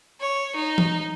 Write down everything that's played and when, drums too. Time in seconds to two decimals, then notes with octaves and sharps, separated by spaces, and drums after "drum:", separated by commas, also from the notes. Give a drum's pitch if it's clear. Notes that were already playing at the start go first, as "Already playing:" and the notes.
0.20 C#5
0.55 D#4
0.78 drum: tom E3